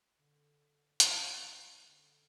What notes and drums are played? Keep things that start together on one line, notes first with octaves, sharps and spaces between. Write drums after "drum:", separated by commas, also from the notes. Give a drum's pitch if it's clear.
D3
C#3, drum: hi-hat
D3